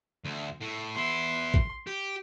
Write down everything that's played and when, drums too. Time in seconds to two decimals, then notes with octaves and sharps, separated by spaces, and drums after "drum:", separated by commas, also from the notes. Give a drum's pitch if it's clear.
0.24 D2
0.61 A2
0.96 B3 E4 C6
1.54 drum: kick A1
1.87 G4